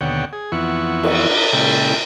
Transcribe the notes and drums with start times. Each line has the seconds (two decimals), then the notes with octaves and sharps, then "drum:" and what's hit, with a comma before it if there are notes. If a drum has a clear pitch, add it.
0.01 D#2 B2 D3 C#5 F#5 G5
0.33 G#4
0.52 F2 E3 B3 E4 F#5 C#6
1.03 drum: cymbal
1.30 D4 A#4 B4
1.53 A#2 C#3 G#3 A4 G5 B5